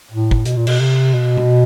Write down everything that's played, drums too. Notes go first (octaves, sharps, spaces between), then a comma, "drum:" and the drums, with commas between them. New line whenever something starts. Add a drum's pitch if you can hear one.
A2
drum: kick
B2, drum: hi-hat
A#2
B2, drum: cymbal
C3
B2
drum: tom B2